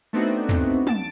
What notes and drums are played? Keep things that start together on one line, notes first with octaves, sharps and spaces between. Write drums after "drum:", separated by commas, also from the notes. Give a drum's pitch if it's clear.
A3 B3 C4 D4 D#4 F#4
drum: tom
A5 A6 D7, drum: tom